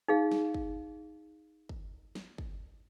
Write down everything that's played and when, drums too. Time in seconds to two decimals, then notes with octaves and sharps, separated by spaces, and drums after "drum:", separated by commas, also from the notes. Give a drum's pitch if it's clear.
0.08 D#4 G#4 F5
0.31 drum: snare
0.54 drum: kick
1.69 drum: kick
2.15 drum: snare
2.38 drum: kick